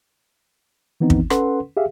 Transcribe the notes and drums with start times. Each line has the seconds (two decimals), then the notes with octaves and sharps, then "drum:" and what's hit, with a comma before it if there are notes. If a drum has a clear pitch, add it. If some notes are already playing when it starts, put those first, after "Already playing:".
1.00 D#3 E3 B3 C4 D#4
1.10 drum: kick
1.30 C#4 A4 B4 F#5 C6, drum: rim click
1.77 G4 G#4 E5 F5